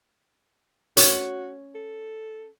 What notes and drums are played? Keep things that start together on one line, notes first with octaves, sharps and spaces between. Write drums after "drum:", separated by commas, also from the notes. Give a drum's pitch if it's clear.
C#4 F#4, drum: hi-hat
A4